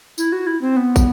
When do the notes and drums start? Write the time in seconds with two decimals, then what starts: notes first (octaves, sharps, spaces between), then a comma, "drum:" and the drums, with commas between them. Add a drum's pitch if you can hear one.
0.18 E4, drum: tambourine
0.32 F#4
0.47 E4
0.61 C4
0.77 B3
0.96 drum: kick, tambourine